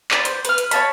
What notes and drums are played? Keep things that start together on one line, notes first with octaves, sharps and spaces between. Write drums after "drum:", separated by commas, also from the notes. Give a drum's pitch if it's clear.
D5 B5, drum: clap
C5, drum: hi-hat
B4 F6, drum: hi-hat
drum: hi-hat
C#5 D#5 A5 B5, drum: hi-hat